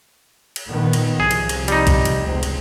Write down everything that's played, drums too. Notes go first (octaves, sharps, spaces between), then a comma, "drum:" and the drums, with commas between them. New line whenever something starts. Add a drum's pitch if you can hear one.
drum: cymbal
A#2 D#3 B3
drum: cymbal
C2 C3 F3 G#4
drum: cymbal
drum: cymbal
G3 D#4, drum: cymbal
drum: kick, cymbal
drum: cymbal
F1 C#2 C4
drum: cymbal